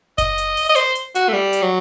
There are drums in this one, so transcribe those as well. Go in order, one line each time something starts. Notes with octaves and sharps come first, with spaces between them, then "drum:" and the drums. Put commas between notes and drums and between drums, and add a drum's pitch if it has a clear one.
D#5, drum: kick F#1, hi-hat
drum: hi-hat
drum: open hi-hat
D#5
C5, drum: hi-hat
drum: hi-hat
F#4, drum: hi-hat
A3
G3
drum: hi-hat
F#3